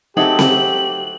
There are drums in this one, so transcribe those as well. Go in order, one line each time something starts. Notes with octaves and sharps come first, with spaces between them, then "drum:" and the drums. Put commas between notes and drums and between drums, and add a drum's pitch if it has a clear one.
F#3 A3 C4 D#4 G4 G#4 F#5 F#7
drum: snare C4